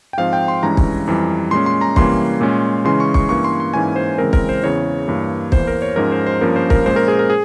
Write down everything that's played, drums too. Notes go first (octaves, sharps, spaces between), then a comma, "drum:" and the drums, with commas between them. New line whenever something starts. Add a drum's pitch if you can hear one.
G5
G#2 F3 C4 F5
G5
C6
G2 E3 G#3 C#4 A#5
drum: kick
F2 E3 G3
A#2 G#3 C#4 C6
C6
A#5
C3 E3 G3 A#3 C#4 C6, drum: kick
A#2 G#3 C#4
C#3 E3 G#3 C#4 C6
C#6
C#6, drum: kick
G2 E3 A#3 C#4 C#6
C6
C6
G#2 E3 A#3 C#4 G#5
C5
C#3 E3 G#3 C4 A#4
A#4, drum: kick
C5
E2 C#3 E3 C#5
G2 E3 A#3
E2 E3 A#3 C5, drum: kick
A#4
C#5
G#2 F3 G#3 C#4 A#4
C5
C5
G2 F3 A#3 C#4 A#4
C5
A#4, drum: kick
A#2 G#3 C#4 C5
A#4
G#4
A#4
G#4